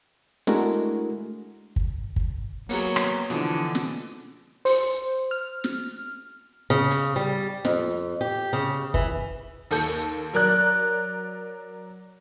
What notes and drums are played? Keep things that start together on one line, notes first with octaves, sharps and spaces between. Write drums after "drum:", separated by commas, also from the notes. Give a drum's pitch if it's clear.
G#3 A3 D4 E4 F#4 A#4, drum: snare
drum: kick
drum: kick
F#3 A#3 B3 G#4, drum: open hi-hat
drum: rim click
B2 D3 E3 F3, drum: hi-hat
drum: snare
C5, drum: open hi-hat
F6
drum: snare
C#3
drum: hi-hat
G3
F2, drum: snare
G4
C#3
E3, drum: kick
D#2 A4 G6, drum: open hi-hat
F#3 A#4 D5 F#6